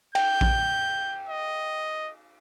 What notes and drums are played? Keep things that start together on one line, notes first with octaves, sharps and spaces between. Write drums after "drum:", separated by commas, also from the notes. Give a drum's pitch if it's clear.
G5 G6, drum: cymbal
drum: kick A#1
D#5